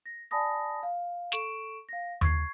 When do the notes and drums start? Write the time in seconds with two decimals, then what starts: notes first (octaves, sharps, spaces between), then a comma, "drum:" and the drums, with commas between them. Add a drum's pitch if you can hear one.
0.06 A#6
0.31 D5 G#5 A5 B5 D#6 A#6
0.83 F5
1.32 A4 C#6 D7 E7, drum: snare
1.89 F5 A#6
2.21 C#6 G#6 C7, drum: tom D#2